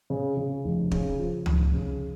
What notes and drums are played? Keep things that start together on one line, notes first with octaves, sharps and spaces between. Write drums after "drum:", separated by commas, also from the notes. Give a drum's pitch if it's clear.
C#3
C#3
F1
C#3, drum: kick
F3
F1, drum: tom C#2
C#3